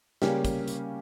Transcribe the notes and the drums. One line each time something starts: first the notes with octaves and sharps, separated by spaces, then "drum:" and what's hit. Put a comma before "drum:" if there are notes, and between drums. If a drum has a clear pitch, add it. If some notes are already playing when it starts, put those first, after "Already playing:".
C#3 G3 A#3 C#4 G4, drum: snare
drum: kick, hi-hat
drum: hi-hat